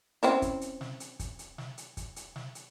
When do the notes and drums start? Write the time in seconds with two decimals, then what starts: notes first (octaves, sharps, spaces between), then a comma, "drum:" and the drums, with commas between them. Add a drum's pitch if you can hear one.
0.23 C4 C#4 E4, drum: hi-hat
0.42 drum: kick, hi-hat
0.61 drum: hi-hat
0.81 drum: snare
1.00 drum: hi-hat
1.19 drum: kick, hi-hat
1.39 drum: hi-hat
1.58 drum: snare
1.78 drum: hi-hat
1.97 drum: kick, hi-hat
2.16 drum: hi-hat
2.36 drum: snare
2.55 drum: hi-hat